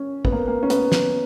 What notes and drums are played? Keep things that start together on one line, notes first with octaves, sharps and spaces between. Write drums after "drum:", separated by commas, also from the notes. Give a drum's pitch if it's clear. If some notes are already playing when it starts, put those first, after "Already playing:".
Already playing: C#4
B3, drum: kick
A#3
A#3
C#4
B3, drum: hi-hat
drum: snare